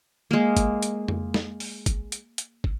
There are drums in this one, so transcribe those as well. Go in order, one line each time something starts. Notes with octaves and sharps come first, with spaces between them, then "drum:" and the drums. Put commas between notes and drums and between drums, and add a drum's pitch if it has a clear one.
G#3 A#3
drum: kick, hi-hat
drum: hi-hat
drum: tom F2
drum: snare
drum: open hi-hat
drum: kick, hi-hat
drum: hi-hat
drum: hi-hat
drum: kick